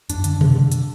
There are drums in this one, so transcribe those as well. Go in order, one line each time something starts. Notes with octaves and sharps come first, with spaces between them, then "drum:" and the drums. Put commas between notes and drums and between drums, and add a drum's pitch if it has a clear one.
F#2 D4, drum: hi-hat
D3, drum: hi-hat
D3, drum: tom B2
D3
drum: hi-hat